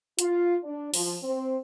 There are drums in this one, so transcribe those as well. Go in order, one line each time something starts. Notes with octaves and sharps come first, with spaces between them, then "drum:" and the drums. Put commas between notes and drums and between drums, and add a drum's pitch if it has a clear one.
F4, drum: hi-hat
D4
F3, drum: open hi-hat
C4